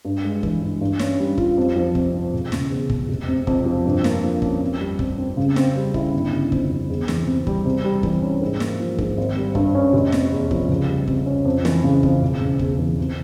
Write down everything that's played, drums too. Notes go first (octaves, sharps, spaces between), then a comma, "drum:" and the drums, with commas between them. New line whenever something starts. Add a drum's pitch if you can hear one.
G2
G#3
E3, drum: kick
G2
G2
C#4, drum: snare
G3
F4, drum: kick
F2
F3
C3, drum: kick
C4
E1
C#3, drum: snare
E2
E1, drum: kick
F1
C3
F2, drum: kick
F3
G2
A#3, drum: snare
F3
C#4, drum: kick
F2
G3
C3, drum: kick
C4
C#3
C4, drum: snare
G3
E4, drum: kick
G1
C#3
F2, drum: kick
G1
E2
E3, drum: snare
C3
G3, drum: kick
C3
G3
E3, drum: kick
C#4
G#2
A#3, drum: snare
F3
G#2, drum: kick
G#1
G3
G2, drum: kick
C#4
F1
C3, drum: snare
E2
F3, drum: kick
C#2
G3
C3, drum: kick
C#4
F2
E3, drum: snare
C#3
F2, drum: kick
E1
C#3
E2, drum: kick
E3
C3